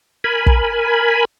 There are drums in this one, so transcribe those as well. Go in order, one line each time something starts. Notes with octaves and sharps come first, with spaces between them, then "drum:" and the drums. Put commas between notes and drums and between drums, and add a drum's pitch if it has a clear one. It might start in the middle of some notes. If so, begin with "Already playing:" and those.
A#4 G#5 B5
drum: kick